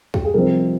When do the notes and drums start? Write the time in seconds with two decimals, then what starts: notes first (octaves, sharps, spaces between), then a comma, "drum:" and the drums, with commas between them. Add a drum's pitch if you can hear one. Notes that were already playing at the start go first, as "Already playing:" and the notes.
0.14 G4, drum: kick C#2
0.25 G#4
0.34 C2 C3 F3 C4 D#4 A#4